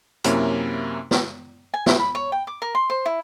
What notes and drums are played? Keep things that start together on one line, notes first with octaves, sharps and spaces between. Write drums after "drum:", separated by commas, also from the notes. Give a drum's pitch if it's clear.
F#2 C3 A#3 C#4 E4, drum: hi-hat
drum: snare
G#5
E4, drum: snare
B5
C#5
G5
D6
A#4
C6
C5
E4